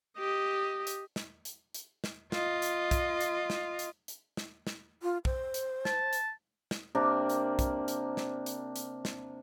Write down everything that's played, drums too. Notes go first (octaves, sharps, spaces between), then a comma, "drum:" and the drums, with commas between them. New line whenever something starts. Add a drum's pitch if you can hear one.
G4 D#5
drum: hi-hat
drum: snare
drum: hi-hat
drum: hi-hat
drum: snare
F4 D#5, drum: snare
drum: hi-hat
drum: kick, hi-hat
drum: hi-hat
drum: snare
drum: hi-hat
drum: hi-hat
drum: snare
drum: snare
F4
C5, drum: kick
drum: hi-hat
A5, drum: snare
drum: hi-hat
drum: snare
C3 A#3 D4 A#4
drum: hi-hat
drum: kick, hi-hat
drum: hi-hat
drum: snare
drum: hi-hat
drum: hi-hat
drum: snare